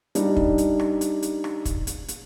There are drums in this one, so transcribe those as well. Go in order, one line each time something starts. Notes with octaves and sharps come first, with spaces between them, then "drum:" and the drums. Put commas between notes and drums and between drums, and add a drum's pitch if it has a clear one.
G3 D4 D#4 D5, drum: hi-hat
drum: kick
drum: hi-hat
drum: rim click
drum: hi-hat
drum: hi-hat
drum: rim click
drum: kick, hi-hat
drum: hi-hat
drum: hi-hat